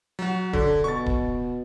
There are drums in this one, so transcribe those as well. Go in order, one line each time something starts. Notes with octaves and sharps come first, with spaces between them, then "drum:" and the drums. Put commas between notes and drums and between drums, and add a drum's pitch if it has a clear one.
F#3 F#4
D3 A4, drum: kick D#1
B2 C#6 A6
drum: kick D#1